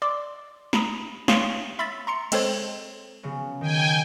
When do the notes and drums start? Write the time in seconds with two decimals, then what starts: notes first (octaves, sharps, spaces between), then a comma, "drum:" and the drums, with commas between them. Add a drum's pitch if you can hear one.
0.02 D5 C6 D6 E6
0.73 A#5 B5 D#6, drum: snare
1.28 C#5 F5 G5 C6 C#6 D#6, drum: snare
1.79 E5 B5 C6 E6 A6 B6
2.07 A#5 C6 C#7
2.32 G#3 C4 A4 C5 C#5, drum: cymbal
3.23 C#3 F#3 B3
3.61 D#3 G5 G#5